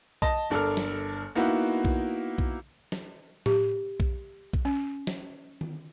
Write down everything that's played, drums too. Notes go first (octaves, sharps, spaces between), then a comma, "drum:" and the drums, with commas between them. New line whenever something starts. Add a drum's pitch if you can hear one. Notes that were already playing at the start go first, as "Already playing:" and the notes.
D#5 A5, drum: kick B1
G1 D4 A4 A#4 F6
drum: snare
A#3 B3 D#4 E4 F#4
drum: kick B1
drum: kick B1
drum: snare
G4, drum: tom A2
drum: kick B1
drum: kick B1
C#4
drum: snare
drum: tom D#3